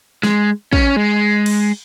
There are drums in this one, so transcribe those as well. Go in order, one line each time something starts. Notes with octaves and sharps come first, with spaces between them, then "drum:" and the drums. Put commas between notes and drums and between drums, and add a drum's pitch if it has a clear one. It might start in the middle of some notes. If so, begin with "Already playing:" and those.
G#3, drum: snare
C#4, drum: kick
G#3
drum: cymbal